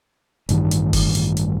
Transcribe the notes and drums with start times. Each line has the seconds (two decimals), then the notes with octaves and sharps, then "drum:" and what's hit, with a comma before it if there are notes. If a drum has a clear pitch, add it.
0.49 A1 G2 D#3 G3, drum: hi-hat
0.71 drum: hi-hat
0.93 drum: kick F#1, open hi-hat
1.15 drum: hi-hat
1.37 drum: hi-hat